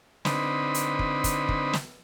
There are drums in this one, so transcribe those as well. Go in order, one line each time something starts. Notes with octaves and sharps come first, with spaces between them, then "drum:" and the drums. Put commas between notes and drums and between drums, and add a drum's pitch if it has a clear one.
D3 C4 D#4 B4 B5, drum: snare
drum: hi-hat
drum: kick
drum: kick, hi-hat
drum: kick
drum: snare